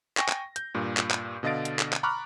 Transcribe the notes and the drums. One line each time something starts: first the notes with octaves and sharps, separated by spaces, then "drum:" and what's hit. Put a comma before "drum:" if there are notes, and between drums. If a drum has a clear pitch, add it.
G5 G#5 C#6 A#6, drum: clap
drum: clap
G6, drum: hi-hat
G2 A#2
drum: clap
drum: clap
B2 D3 D#5 F5 A6 D7
drum: hi-hat
drum: clap
drum: clap
A#5 B5 C#6 D6 F6 F#6